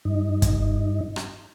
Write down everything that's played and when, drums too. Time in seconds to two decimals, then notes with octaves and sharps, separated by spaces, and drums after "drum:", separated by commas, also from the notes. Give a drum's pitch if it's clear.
0.05 G2 D#4
0.42 drum: kick, hi-hat
1.16 drum: rim click